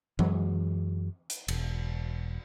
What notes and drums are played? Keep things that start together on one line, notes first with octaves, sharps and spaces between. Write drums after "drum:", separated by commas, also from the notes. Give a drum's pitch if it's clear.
F#2 E3 F#3 G#3, drum: tom E3
drum: hi-hat
E1, drum: cymbal